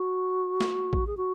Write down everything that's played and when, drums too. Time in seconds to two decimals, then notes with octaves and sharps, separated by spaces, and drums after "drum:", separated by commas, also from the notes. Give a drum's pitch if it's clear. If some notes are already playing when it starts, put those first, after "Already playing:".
Already playing: F#4
0.61 drum: snare
0.93 drum: kick A#1
1.07 G#4
1.17 F#4